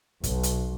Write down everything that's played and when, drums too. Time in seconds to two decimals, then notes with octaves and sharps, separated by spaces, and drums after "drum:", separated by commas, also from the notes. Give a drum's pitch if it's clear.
0.24 B1, drum: kick, hi-hat
0.43 drum: hi-hat